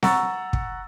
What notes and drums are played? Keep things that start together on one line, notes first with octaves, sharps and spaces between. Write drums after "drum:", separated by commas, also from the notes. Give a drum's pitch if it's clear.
F#5 A#5 C#6 E6 A6, drum: snare C4
drum: kick